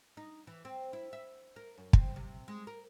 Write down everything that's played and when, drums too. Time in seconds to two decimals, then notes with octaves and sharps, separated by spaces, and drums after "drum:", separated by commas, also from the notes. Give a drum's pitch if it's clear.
0.17 D#4
0.47 E3
0.65 C4
0.93 E4
1.13 E5
1.56 A#4
1.78 F#2
1.93 C4, drum: kick
2.16 C3
2.48 G#3
2.67 A#4